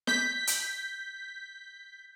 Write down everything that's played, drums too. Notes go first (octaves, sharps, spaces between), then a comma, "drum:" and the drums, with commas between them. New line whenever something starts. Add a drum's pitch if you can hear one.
G6 B6, drum: snare
drum: hi-hat